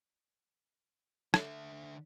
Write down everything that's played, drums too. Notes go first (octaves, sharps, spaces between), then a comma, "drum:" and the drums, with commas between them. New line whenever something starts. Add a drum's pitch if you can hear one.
D3 E5, drum: rim click